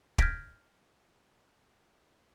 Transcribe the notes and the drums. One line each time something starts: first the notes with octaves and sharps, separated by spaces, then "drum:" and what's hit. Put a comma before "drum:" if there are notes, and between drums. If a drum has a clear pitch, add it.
F6 G6 G#6 A#6 B6 D7, drum: kick